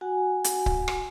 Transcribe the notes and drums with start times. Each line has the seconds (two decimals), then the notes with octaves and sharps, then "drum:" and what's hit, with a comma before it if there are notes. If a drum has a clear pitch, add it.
0.01 F#4 F#5 G#5
0.44 drum: hi-hat
0.66 drum: kick C#1
0.88 drum: rim click